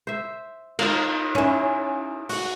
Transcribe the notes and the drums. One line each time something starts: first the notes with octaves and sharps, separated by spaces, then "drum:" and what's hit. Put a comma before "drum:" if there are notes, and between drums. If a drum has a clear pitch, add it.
C5 E5
D#4 F4 A#4, drum: cymbal
C#4 E4
F#4 F#5, drum: open hi-hat